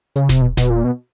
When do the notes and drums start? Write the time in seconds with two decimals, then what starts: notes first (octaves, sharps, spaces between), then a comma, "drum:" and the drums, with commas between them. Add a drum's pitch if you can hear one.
0.16 C#3, drum: hi-hat
0.29 C3, drum: snare E1
0.41 B2
0.57 B2, drum: snare E1
0.70 A#2
0.84 B2